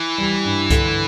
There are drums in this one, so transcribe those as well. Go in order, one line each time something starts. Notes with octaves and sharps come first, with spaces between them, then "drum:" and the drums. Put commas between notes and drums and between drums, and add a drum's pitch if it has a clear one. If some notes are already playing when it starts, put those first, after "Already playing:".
Already playing: E3
G3
G2
D3, drum: kick C2, hi-hat